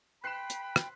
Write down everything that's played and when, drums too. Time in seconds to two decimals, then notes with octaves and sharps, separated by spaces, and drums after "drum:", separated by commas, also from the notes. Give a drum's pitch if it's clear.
0.24 B4 G5 B5 C6 F#6 C7 E7
0.50 drum: hi-hat
0.76 drum: rim click